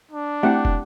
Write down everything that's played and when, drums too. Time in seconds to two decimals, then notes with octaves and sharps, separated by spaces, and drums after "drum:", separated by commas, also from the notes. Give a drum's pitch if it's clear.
0.11 D4
0.43 A3 C4 E4 G4 F#5
0.65 drum: kick